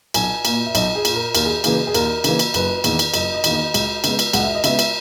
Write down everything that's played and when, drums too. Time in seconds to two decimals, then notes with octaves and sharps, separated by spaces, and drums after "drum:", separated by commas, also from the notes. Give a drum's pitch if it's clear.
0.14 B1 G#5, drum: cymbal
0.45 A#2 A#3, drum: cymbal
0.66 E5
0.75 B1 D#5, drum: cymbal
0.95 G#4
1.05 A#2 A#3, drum: cymbal
1.15 A#4
1.35 D#2 A#4, drum: cymbal
1.45 G#4
1.64 C#3 E3 A#3 G#4, drum: cymbal
1.87 G#4
1.94 D#2 A#4, drum: cymbal
2.24 C#3 E3 A#3, drum: cymbal
2.39 drum: cymbal
2.54 F#1 B4, drum: cymbal
2.84 E2 D#3 A#3, drum: cymbal
2.99 drum: cymbal
3.14 F#1 D#5, drum: cymbal
3.34 D#5
3.44 E2 D#3 A#3, drum: cymbal
3.54 D#5
3.74 C#2, drum: cymbal
4.04 C#3 G#3 B3, drum: cymbal
4.19 drum: cymbal
4.33 C#2 F#5, drum: cymbal
4.44 E5
4.55 D#5
4.64 C#3 G#3 B3 E5, drum: cymbal
4.79 drum: cymbal